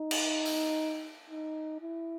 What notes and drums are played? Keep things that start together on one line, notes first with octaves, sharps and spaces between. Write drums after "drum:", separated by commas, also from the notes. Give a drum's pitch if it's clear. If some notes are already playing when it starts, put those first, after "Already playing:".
Already playing: D#4
drum: cymbal
drum: open hi-hat
D#4
E4